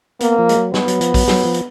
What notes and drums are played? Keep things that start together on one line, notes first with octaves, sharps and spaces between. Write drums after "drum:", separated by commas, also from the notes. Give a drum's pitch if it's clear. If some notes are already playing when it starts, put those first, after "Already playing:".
A#3 B3, drum: hi-hat
F3
G#3, drum: hi-hat
F#3
B3, drum: snare
F#3, drum: hi-hat
F3, drum: hi-hat
F#3, drum: kick A#1, open hi-hat
F#3, drum: snare
F3
drum: hi-hat